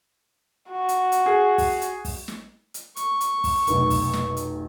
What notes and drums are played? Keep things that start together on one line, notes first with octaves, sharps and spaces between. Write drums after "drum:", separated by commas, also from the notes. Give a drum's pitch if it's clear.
F#4
drum: hi-hat
drum: hi-hat
G#4
drum: kick, open hi-hat
drum: hi-hat
drum: kick, open hi-hat
drum: snare
drum: hi-hat
C#6, drum: hi-hat
drum: hi-hat
drum: kick, open hi-hat
F1 B1, drum: hi-hat
drum: kick, open hi-hat
drum: snare
drum: hi-hat